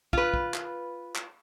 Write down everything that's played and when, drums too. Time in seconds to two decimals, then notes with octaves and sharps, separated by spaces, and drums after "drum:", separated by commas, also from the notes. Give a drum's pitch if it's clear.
0.13 F4 B4, drum: kick
0.34 drum: kick
0.54 drum: clap
1.16 drum: clap